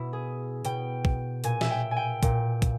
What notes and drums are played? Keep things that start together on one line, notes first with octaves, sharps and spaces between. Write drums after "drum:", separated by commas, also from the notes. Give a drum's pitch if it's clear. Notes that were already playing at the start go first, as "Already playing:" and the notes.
Already playing: B2 E4
G#4
B2 G5, drum: hi-hat
drum: kick
A#2 G#5, drum: hi-hat
E5, drum: snare
G5
G#5
G5
A#2, drum: kick, hi-hat
drum: kick, hi-hat